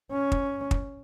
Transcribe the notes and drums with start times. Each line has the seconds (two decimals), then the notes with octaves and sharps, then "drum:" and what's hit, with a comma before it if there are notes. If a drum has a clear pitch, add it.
0.12 C#4
0.32 drum: kick
0.71 drum: kick